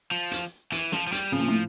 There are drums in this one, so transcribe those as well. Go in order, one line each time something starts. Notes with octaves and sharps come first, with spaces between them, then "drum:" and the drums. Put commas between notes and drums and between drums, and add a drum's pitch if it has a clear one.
F3
drum: hi-hat
E3, drum: hi-hat
F3, drum: snare
F3
G3, drum: hi-hat
C#3 F3
A#2
A2